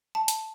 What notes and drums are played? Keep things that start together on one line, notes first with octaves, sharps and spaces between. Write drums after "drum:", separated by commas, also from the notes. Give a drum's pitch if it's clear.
A5
drum: hi-hat